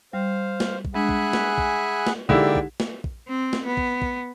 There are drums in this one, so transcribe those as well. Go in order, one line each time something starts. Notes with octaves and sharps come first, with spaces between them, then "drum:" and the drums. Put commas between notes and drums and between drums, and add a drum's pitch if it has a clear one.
G3 C5 F5
drum: snare
drum: kick
G#3 D4 G#4 E5 F#5 G#5 B5 F#6
drum: kick
drum: snare
drum: kick
drum: snare
D3 G#3 A#3 D#4 E4 G4 D5 G5, drum: kick
drum: kick
drum: snare
drum: kick
C4
drum: snare
B3
drum: kick
drum: kick